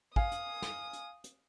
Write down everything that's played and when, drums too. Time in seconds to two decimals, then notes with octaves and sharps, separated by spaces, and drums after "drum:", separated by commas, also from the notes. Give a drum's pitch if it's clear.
0.16 F5 G#5 D#6, drum: kick
0.32 drum: hi-hat
0.62 drum: snare
0.93 drum: hi-hat
1.24 drum: hi-hat